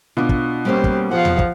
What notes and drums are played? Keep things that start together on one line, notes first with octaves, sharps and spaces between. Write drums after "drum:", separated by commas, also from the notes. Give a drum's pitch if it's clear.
B2 D4 F4
drum: kick
G3 A#3 C#4 G4 C5
drum: kick
F3 F4 G#4 C5 F5 F#5
drum: tom E2
drum: kick